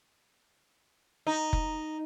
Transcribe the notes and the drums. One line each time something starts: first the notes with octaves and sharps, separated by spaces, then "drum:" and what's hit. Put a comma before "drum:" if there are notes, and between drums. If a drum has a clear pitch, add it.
D#4
drum: kick F1